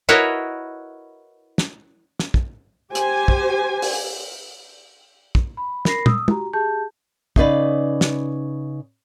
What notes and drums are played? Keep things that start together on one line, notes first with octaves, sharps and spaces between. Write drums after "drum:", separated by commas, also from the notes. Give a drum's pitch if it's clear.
E4 F#4 A#4 B4 C#5 D#5
drum: snare
drum: snare
drum: kick
G4 C5 G#5, drum: hi-hat
drum: kick
drum: open hi-hat
drum: kick
B5
A#4 B5 A#6 C7, drum: snare
D#6 E6, drum: tom
F#4 G4 A#5, drum: tom
G4 G#4 A5 G6
C#3 D#4 B4 D5, drum: kick
drum: snare